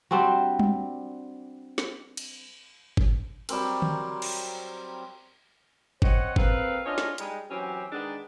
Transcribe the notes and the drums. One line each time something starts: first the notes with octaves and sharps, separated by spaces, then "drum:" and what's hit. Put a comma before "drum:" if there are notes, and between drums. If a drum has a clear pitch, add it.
G3 C4 D4 F#4
drum: tom G3
drum: snare
drum: cymbal
drum: kick
F#3 G3 C4 A#4, drum: cymbal
drum: tom D3
drum: cymbal
C4 C5 C#5 D#5 F#5, drum: kick
A#3 C4 A4 B4 F5, drum: kick
C#4 D4 F4 C#5 D#5
drum: snare
G3 G#3 D#4, drum: hi-hat
E3 F#3 C4 C#4 F#4 G4
D#3 G#3 B3 D4 D#4 G#4